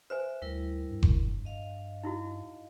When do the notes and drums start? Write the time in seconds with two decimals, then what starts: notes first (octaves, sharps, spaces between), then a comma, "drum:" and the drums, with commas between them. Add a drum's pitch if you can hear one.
0.10 B4 C5 E5 G#5
0.42 D2 G3 E4 A#4
0.90 G2
1.03 drum: kick F#1
1.45 D#5 F5
2.03 D#4 E4 F#4